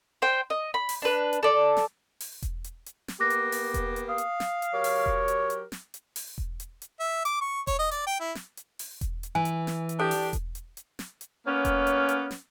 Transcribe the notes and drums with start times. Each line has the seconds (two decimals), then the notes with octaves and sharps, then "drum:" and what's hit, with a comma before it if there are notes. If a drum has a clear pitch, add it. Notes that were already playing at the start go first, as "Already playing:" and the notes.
0.22 C5 G5
0.50 D#5
0.74 B5
0.89 drum: open hi-hat
1.02 D4 B4
1.33 drum: hi-hat
1.43 A4 D5
1.77 drum: snare
2.20 drum: open hi-hat
2.42 drum: kick E1, hi-hat
2.64 drum: hi-hat
2.86 drum: hi-hat
3.08 drum: snare
3.20 A#3 B3 G4 D6 F#6 A#6
3.30 drum: hi-hat
3.52 drum: open hi-hat
3.74 drum: kick E1, hi-hat
3.96 drum: hi-hat
4.09 F5 D#6
4.18 drum: hi-hat
4.40 drum: snare
4.62 drum: hi-hat
4.74 F#3 G4 A#4 C#5
4.84 drum: open hi-hat
5.06 drum: kick E1
5.28 drum: hi-hat
5.50 drum: hi-hat
5.72 drum: snare
5.94 drum: hi-hat
6.16 drum: open hi-hat
6.38 drum: kick E1
6.60 drum: hi-hat
6.82 drum: hi-hat
7.00 E5
7.25 D6, drum: hi-hat
7.41 C#6
7.67 C#5, drum: kick E1, hi-hat
7.79 D#5
7.91 D5, drum: hi-hat
8.07 G5
8.20 E4
8.35 drum: snare
8.57 drum: hi-hat
8.79 drum: open hi-hat
9.01 drum: kick E1, hi-hat
9.23 drum: hi-hat
9.35 E3 G#5
9.45 drum: hi-hat
9.67 drum: snare
9.89 drum: hi-hat
10.00 D4 G4 A4
10.11 drum: open hi-hat
10.33 drum: kick E1, hi-hat
10.55 drum: hi-hat
10.77 drum: hi-hat
10.99 drum: snare
11.21 drum: hi-hat
11.47 A#3 B3 C#4
11.65 drum: kick E1, hi-hat
11.87 drum: hi-hat
12.09 drum: hi-hat
12.31 drum: snare